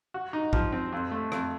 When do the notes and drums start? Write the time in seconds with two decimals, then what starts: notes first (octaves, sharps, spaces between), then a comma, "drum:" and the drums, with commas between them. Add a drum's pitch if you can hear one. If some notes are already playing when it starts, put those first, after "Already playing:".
0.14 F#4
0.33 D#4
0.53 F3, drum: kick
0.72 C4
0.92 F2
1.11 A3
1.32 F2, drum: rim click